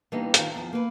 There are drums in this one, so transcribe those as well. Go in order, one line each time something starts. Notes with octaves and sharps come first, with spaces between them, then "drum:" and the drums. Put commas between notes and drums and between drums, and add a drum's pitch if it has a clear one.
E3 G3 A#3 B3 D4 D#4
D#3 F4 A4, drum: hi-hat
E2 F3
A#3 B4